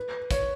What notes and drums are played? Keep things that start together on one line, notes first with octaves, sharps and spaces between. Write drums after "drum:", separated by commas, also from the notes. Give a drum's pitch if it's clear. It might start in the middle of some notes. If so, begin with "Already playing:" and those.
Already playing: B4
C#5, drum: kick, hi-hat